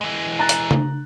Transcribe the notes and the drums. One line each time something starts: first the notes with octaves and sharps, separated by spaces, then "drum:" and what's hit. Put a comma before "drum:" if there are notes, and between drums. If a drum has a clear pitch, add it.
E3 G#3
A#5 F#6 A6
drum: hi-hat
drum: tom C#3